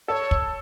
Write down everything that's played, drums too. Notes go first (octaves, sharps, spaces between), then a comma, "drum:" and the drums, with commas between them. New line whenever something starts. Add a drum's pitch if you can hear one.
A4 C#5 D5
drum: kick